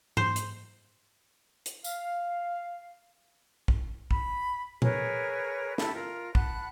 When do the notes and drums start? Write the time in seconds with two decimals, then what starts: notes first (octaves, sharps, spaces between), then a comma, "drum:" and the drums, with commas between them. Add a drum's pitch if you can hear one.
0.17 C5, drum: tom G#2
0.36 drum: hi-hat
1.66 drum: hi-hat
1.84 F5, drum: tambourine
3.68 drum: kick
4.11 B5, drum: kick
4.82 G#4 A#4 B4 C#5, drum: tom A#2
5.78 E4 G4 A4 B5, drum: snare
5.94 F4 A#4
6.35 F#5 A5 B5 F#6, drum: kick